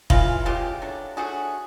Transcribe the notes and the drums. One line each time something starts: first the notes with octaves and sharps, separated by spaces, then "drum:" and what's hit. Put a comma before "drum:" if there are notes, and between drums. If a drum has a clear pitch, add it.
C#3 E3 G#3 F4, drum: kick
C#3 E3 G#3 F4 G4
F#3 A3 D4
F#3 A3 D4 F#4 G#4